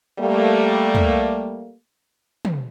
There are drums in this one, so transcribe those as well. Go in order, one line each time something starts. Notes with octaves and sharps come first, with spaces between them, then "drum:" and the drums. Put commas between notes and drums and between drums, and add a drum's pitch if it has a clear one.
G3 A3 A#3
drum: tom
drum: tom